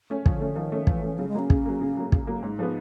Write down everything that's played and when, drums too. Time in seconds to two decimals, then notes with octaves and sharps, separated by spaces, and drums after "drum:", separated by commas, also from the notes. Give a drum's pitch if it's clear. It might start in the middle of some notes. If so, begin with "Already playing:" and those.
0.10 A3 C#4
0.26 D3 F3, drum: kick
0.40 A3 C#4
0.56 D#3 F3
0.72 A3 C#4
0.87 E3 F3, drum: kick
1.03 A3 C#4
1.18 C#3 F#3
1.29 G#3
1.34 F#3 A#3 C#4
1.50 C#3, drum: kick
1.65 F#3 A#3
1.81 C#3
1.97 F#3 A#3
2.12 C#3, drum: kick
2.27 F#3 A#3
2.42 G#2 D#4
2.59 F3 G#3 B3